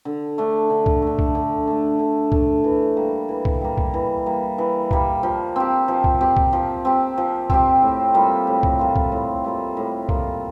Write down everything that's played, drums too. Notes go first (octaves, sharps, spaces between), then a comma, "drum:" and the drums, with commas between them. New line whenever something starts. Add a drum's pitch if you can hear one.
D3
A3 D4
D3
drum: kick
A3 D4
drum: kick
D3
A3 D4
D3
A3 D4, drum: kick
E3
G3 A#3
E3
drum: kick
G3 A#3
drum: kick
E3
G3 A#3
E3
G3 A#3, drum: kick
F3
C4 G4
F3
drum: kick
C4 G4
drum: kick
F3
C4 G4
F3
C4 G4, drum: kick
A2
G3 A#3 F4
A2
drum: kick
G3 A#3 F4
drum: kick
A2
G3 A#3 F4
A2
G3 A#3 F4, drum: kick